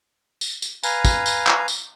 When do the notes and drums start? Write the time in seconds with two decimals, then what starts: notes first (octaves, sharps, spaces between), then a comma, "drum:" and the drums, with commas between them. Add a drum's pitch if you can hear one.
0.41 drum: tambourine
0.62 drum: tambourine
0.83 B4 F5 G#5 A#5, drum: tambourine
1.05 drum: kick, tambourine
1.26 drum: tambourine
1.47 drum: clap
1.68 drum: tambourine